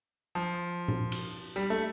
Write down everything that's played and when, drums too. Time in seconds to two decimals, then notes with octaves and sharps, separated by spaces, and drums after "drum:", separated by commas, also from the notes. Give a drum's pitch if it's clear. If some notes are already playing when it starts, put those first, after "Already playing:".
0.35 F3
0.88 drum: tom A#2
1.12 drum: cymbal
1.56 G3
1.70 A3